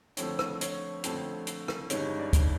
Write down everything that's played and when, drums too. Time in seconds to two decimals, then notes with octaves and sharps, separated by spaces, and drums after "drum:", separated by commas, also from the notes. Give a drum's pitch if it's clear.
0.17 F2 D3 F3 A3 C4 C#5, drum: hi-hat
0.39 drum: rim click
0.61 C#5, drum: hi-hat
1.04 F2 D3 F3 A3 C4, drum: hi-hat
1.47 drum: hi-hat
1.68 drum: rim click
1.90 G1 G2 D#3 G#3 C#4 C#5, drum: hi-hat
2.19 D5
2.33 drum: kick D2, hi-hat